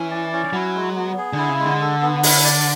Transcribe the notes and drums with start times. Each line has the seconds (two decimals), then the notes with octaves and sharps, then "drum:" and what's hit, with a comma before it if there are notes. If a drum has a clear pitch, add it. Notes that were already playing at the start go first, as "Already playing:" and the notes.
Already playing: E3 C#4
0.11 D5
0.32 C#4
0.53 F#3 E4
0.75 G#3
0.95 B3
1.18 G#4
1.33 D3
1.38 E4
1.49 C#3
1.60 G#3
1.65 D3
1.81 A4
2.02 B3
2.23 E4, drum: open hi-hat
2.45 D5